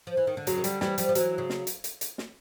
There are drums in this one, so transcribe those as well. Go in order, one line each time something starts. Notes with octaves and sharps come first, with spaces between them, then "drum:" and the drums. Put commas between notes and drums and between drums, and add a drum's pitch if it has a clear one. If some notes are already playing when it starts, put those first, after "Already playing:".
F3
E3
D#3
D3
C#3 F#3, drum: hi-hat
D#3
D3 G3, drum: hi-hat
E3 G3, drum: snare
F3 G3, drum: hi-hat
F3
E3 F#3, drum: hi-hat
C#3
drum: snare
drum: hi-hat
drum: hi-hat
drum: hi-hat
drum: snare